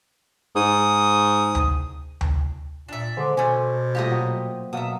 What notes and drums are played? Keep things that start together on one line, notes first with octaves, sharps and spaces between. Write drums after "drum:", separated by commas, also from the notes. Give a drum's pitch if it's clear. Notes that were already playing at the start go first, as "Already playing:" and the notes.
G#2 D#6
drum: tom D2
drum: tom D2
A#2 D4 E5
D3 G#3 C5 C6 D6
B2 A3 C#4 G#5
A#2 G3 A3 G4 D#5 D#6
F#3
B2 F#3 A#3 E5 D#6